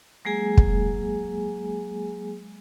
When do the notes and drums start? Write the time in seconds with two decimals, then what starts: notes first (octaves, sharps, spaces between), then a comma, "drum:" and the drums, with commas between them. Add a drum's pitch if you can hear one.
0.25 F#3 G#3 A#3 G#4 G#5
0.57 drum: kick